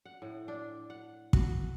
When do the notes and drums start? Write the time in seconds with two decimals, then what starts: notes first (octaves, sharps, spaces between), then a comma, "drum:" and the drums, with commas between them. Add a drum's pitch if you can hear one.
0.05 F#5
0.22 A2
0.48 D4
0.90 F#5
1.33 F#4, drum: kick